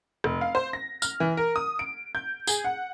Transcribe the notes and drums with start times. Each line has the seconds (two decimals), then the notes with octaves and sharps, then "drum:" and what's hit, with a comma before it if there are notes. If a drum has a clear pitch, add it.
0.24 F1, drum: rim click
0.41 F5
0.55 C5
0.73 A#6
1.02 F6, drum: tambourine
1.20 E3
1.37 A#4
1.56 D#6
1.79 D7
2.15 G6
2.47 G#4, drum: tambourine
2.64 F#5